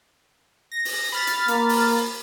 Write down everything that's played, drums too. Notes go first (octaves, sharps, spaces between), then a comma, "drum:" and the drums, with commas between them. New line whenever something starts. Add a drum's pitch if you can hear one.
A#6
drum: open hi-hat
B5 F6 A6
drum: hi-hat
A#3, drum: hi-hat
drum: open hi-hat